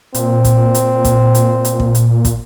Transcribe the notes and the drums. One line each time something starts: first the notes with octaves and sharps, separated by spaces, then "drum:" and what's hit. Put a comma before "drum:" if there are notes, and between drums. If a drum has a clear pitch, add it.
A#2 C4, drum: hi-hat
drum: kick, hi-hat
drum: hi-hat
drum: kick, hi-hat
drum: hi-hat
drum: hi-hat
drum: kick
drum: hi-hat
drum: kick, hi-hat